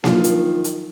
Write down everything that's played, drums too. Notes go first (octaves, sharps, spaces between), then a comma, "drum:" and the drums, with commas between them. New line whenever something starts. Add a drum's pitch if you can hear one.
D#3 F3 F#3 D4 E4 F4, drum: snare A#3
drum: hi-hat
drum: hi-hat